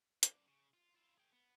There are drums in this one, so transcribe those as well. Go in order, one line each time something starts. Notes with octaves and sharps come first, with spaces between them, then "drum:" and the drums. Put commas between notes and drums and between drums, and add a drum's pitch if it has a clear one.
F#2 D5, drum: hi-hat
C#3
F4
E4 F4
G#4 G5
B3